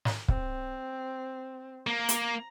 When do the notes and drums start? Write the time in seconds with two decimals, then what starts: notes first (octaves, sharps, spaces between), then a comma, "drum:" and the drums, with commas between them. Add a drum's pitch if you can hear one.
0.05 drum: snare
0.28 C4, drum: kick
1.87 A#3 A#5
2.09 drum: hi-hat